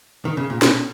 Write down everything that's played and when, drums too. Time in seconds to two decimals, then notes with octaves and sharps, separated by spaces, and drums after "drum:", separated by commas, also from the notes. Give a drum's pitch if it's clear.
0.25 D#3
0.37 C#3
0.50 A#2
0.62 B2, drum: snare